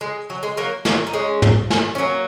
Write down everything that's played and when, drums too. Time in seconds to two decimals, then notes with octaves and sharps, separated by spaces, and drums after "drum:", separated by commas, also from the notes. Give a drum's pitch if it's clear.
0.01 G#3
0.30 F#3
0.43 G#3
0.57 F#3 A#3
0.85 F#3 A#3, drum: snare
1.07 D#4
1.13 G#3 C#4
1.42 drum: tom
1.70 drum: snare
1.95 C#4
1.98 F#3 A#3